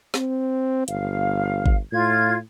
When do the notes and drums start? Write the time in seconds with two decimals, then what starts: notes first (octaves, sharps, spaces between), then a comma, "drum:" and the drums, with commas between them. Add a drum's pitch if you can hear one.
0.14 C4, drum: snare
0.88 G1 F5, drum: hi-hat
1.66 drum: kick G#1
1.92 A2 F4 G#6